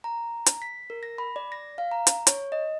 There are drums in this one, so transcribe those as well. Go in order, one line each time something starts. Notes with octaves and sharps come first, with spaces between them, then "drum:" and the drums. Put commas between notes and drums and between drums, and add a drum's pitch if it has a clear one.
A#5
drum: hi-hat
B6
A#4
A#6
B5
D5
A#6
F5
A#5
drum: hi-hat
C#5, drum: hi-hat
D#5